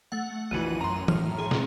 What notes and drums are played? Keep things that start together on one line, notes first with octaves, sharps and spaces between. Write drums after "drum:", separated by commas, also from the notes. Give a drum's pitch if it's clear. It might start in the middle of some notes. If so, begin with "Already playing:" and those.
A3 F#5
A#1 F2 E3 F#4 D#7
F#2 A#5 C6
A2 F6, drum: tom E3
G#4
drum: snare